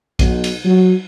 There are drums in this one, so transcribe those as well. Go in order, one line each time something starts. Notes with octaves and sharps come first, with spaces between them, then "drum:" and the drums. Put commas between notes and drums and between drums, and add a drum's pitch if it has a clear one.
B1, drum: kick, cymbal
drum: cymbal
F#3